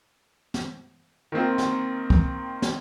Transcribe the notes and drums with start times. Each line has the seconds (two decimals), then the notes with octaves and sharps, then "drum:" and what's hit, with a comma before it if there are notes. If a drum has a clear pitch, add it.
0.54 drum: snare
1.32 D#3 A#3 C4 F4
1.58 drum: snare
2.10 drum: kick C2
2.62 drum: snare